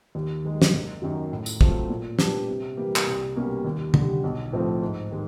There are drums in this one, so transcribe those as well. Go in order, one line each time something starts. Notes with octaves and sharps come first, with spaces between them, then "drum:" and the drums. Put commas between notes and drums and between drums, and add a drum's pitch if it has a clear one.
D#2
D#3 G#3
drum: snare
F#1
F#2 D#3 F#3
A2
drum: tambourine
F#3 A3 C4 F4, drum: kick
A#2
G3 B3 D4, drum: snare
C3
E3 G3 A#3
drum: clap
C2
B2 G3 A#3 C#4
D#2
D3 G3, drum: tom
B1
A2 F3 A3 C4
G#2
D#3 G#3